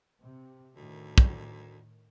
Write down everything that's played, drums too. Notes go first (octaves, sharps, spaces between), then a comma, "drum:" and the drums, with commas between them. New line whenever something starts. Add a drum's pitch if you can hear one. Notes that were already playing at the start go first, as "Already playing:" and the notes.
C3
D2 A2 D#3
drum: kick